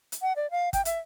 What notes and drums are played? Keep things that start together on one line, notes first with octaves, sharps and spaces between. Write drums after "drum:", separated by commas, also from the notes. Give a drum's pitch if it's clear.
drum: hi-hat
F#5
D5
F5
G5, drum: kick, hi-hat
E5, drum: hi-hat